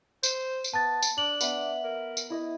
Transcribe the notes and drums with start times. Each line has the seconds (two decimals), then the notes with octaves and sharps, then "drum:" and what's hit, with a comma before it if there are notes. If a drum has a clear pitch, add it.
0.23 C5, drum: tambourine
0.64 drum: tambourine
0.74 B3 A5 A6
1.02 drum: tambourine
1.18 D4 F#7
1.41 B3 E5, drum: tambourine
1.84 A#4
2.17 drum: tambourine
2.30 E4 D#5